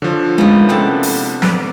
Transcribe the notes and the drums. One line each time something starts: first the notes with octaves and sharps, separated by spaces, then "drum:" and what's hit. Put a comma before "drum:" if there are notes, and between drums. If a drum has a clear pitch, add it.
D3 F3 C#5
G#3 A3 B3 C#4 D#4 F4 A#4
C3 B3 E4 A4 F#5 G5 A5
drum: open hi-hat
B4 D5, drum: snare